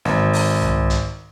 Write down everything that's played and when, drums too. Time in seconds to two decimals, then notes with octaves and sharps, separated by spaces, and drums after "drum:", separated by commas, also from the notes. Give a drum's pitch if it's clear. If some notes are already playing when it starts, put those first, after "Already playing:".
0.05 G#1, drum: snare
0.33 drum: open hi-hat
0.62 drum: tom C2
0.90 drum: hi-hat